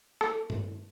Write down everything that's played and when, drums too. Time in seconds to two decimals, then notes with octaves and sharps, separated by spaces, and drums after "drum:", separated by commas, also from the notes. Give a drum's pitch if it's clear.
0.21 A4, drum: rim click
0.50 drum: tom G2